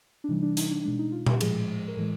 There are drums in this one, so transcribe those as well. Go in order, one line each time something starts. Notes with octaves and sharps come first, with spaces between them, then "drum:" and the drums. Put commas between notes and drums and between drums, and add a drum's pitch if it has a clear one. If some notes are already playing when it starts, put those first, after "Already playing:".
D4
C3 E3 G3 D#4
D4
D#4, drum: hi-hat
D4
B2 G#3 D4
D#4
F4
G4, drum: tom A#2
A2 F3 G#3 G#4, drum: cymbal
A#4
A2 E3 G#3 A4